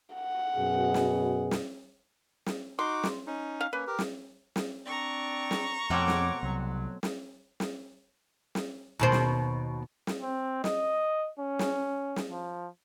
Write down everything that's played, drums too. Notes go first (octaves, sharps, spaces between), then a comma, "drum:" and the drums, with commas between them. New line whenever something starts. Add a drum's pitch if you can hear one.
F#5
F#2 B2 G#4
drum: snare
drum: snare
drum: snare
D#4 F#4 C6 D6
drum: snare
C#4 D#4
F5
A#3 C#4 B4
G4 A#4
drum: snare
drum: snare
C4 D4 D5 A#5 C#6
drum: snare
F2 B2 A3 C4 C#5 D6
drum: snare
C2 F#3
drum: snare
drum: snare
drum: snare
D#2 B2 C5
drum: snare
drum: snare
C4
D#5, drum: snare
C#4
drum: snare
drum: snare
F3